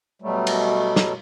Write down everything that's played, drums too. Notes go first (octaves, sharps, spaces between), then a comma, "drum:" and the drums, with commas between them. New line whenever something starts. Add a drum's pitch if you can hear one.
B2 F#3 G3 A3
drum: cymbal
drum: snare